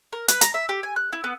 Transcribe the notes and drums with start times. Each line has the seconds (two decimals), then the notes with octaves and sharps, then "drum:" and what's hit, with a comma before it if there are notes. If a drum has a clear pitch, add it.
0.13 A#4
0.28 B4, drum: hi-hat
0.41 A#5, drum: hi-hat
0.54 E5
0.69 G4
0.83 G#5
0.96 F#6
1.13 E4
1.24 B3